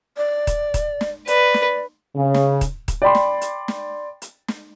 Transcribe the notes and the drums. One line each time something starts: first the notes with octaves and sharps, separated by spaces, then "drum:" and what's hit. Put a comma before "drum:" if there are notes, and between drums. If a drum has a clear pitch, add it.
D5
drum: kick D#1, hi-hat
drum: kick D#1, hi-hat
drum: snare
B4 D5, drum: hi-hat
drum: snare
C#3
drum: snare
drum: kick D#1, hi-hat
drum: kick D#1, hi-hat
D5 G5 B5 C6
drum: snare
drum: hi-hat
drum: snare
drum: hi-hat
drum: snare